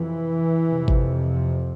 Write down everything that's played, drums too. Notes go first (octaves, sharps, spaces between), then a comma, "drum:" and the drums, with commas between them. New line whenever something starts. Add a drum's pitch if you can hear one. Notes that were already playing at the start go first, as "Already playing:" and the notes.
Already playing: F2 C3 E3
F2 C3
drum: kick G#1